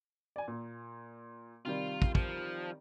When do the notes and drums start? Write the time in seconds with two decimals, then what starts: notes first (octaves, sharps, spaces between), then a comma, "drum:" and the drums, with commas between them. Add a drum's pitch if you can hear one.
0.36 D5 G#5
0.48 A#2
1.65 C3 D#3 G3 F4
2.02 drum: kick
2.15 F3, drum: kick